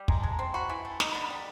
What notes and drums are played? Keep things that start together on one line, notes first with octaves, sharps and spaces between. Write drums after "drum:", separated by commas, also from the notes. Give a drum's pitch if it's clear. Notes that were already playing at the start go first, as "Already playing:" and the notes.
Already playing: G3
G#3 A#5, drum: kick
A5
G#3
A#5
C4 C6
F#4 B5
E3
A3
D#4 A#5, drum: snare
B5
D3
B5
G3 A#5